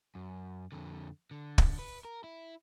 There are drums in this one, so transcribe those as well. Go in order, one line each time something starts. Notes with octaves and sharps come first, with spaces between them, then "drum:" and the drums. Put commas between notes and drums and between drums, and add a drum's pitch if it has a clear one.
F#2
F2 D3
D3
drum: kick
B4
A#4
E4